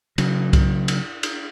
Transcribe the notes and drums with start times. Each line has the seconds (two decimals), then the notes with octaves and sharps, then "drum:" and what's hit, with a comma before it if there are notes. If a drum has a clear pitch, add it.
0.18 C#3 F#3, drum: cymbal
0.53 drum: kick C2, cymbal
0.88 drum: cymbal
1.23 drum: cymbal